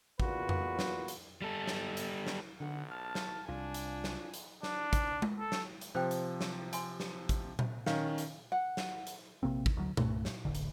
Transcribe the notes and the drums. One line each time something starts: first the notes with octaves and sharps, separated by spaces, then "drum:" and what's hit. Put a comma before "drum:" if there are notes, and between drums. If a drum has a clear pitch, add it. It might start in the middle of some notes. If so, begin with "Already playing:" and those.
E2 A#2 F4 F#4 B4, drum: kick
drum: tom F2
drum: snare
drum: hi-hat
G3 A4
drum: snare
drum: hi-hat
drum: snare
B1 D3 F#5
A5 F6
drum: snare
C2 D4 F4 G#5
drum: hi-hat
drum: snare
drum: hi-hat
D4, drum: snare
drum: kick, hi-hat
drum: tom G#3
A4
drum: snare
drum: hi-hat
C3 F3 C5 G5
drum: hi-hat
drum: snare
G#5 C6, drum: hi-hat
drum: snare
drum: kick, hi-hat
drum: tom A#2
D#3 C#4 F5, drum: snare
drum: hi-hat
F#5
drum: snare
drum: hi-hat
A#1 C3 A#3 C4
drum: kick
D2 F#3
C2 G2 A3, drum: tom A#2
drum: snare
E1 A1 D3
drum: hi-hat